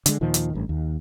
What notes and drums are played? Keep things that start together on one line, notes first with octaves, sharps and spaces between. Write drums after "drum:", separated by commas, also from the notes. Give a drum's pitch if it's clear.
D3 G#3, drum: hi-hat
D#2 A#2 D#3 F3
drum: hi-hat
A1 G2
D#2